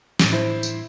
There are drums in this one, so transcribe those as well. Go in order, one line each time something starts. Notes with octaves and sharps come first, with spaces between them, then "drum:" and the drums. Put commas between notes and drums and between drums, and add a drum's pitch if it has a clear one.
A2 E3 D4, drum: snare
E4 C5
drum: tambourine